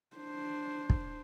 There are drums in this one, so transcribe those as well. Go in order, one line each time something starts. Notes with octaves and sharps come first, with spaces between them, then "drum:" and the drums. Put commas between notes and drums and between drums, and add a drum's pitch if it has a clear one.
D4 C5
drum: kick